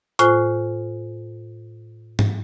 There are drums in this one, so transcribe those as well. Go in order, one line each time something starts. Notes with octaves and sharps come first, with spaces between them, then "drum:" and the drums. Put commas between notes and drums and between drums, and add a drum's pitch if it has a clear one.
A2 F4 C5 G#5 F#6, drum: hi-hat
drum: tom G#2